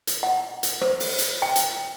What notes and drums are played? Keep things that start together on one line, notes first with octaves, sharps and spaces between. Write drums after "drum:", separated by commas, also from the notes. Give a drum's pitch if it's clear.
drum: hi-hat
F#5
drum: hi-hat
C5, drum: rim click
drum: open hi-hat
drum: hi-hat
G5
drum: hi-hat